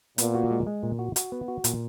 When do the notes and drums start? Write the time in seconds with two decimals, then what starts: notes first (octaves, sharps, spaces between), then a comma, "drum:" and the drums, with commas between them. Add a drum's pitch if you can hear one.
0.18 A#2 B3, drum: hi-hat
0.35 F#4
0.51 G#3
0.67 G#3
0.83 A#2
0.99 F#4
1.16 F#4, drum: hi-hat
1.32 B3
1.48 F#4
1.64 A#2, drum: hi-hat